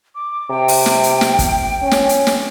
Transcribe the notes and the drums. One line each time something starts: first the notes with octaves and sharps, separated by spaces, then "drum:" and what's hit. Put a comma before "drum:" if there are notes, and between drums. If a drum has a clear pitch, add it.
D6
C3 G5
drum: open hi-hat
drum: snare
drum: hi-hat
drum: snare
drum: kick, hi-hat
C#4
drum: snare
drum: hi-hat
drum: snare